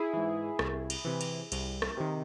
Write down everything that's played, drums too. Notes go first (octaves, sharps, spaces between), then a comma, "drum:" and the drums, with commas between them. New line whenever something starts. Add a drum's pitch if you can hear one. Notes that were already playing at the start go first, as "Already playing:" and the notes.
Already playing: E4 G#4
G#2 E3
C2, drum: rim click
drum: cymbal
C3 E3
drum: cymbal
C2, drum: cymbal
drum: rim click
C3 D#3